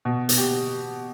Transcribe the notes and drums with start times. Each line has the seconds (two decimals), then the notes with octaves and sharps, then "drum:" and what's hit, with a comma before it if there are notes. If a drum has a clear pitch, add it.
0.05 B2
0.29 drum: hi-hat
0.38 G4